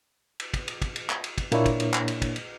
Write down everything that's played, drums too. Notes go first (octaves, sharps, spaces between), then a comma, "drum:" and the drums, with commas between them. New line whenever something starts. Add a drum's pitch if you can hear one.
drum: cymbal
drum: kick, cymbal
drum: cymbal
drum: kick, cymbal
drum: cymbal
drum: clap
drum: cymbal
drum: kick, cymbal
A#2 A#3 D4 E4 C#5, drum: cymbal
drum: kick, cymbal
drum: cymbal
drum: clap
drum: cymbal
drum: kick, cymbal
drum: cymbal